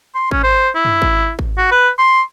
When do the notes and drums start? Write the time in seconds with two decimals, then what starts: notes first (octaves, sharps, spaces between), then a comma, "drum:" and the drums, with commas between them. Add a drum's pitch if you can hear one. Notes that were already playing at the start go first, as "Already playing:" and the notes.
0.15 C6
0.31 C#4, drum: kick G#1
0.43 C5
0.75 E4
0.85 drum: tom F#2
1.02 drum: kick G#1
1.39 drum: kick G#1
1.58 F#4
1.71 B4
1.98 C6